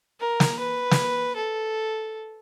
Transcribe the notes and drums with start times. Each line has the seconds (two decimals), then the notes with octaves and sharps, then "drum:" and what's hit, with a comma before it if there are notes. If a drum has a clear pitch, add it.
0.20 A#4
0.40 drum: snare
0.59 B4
0.91 drum: snare
1.36 A4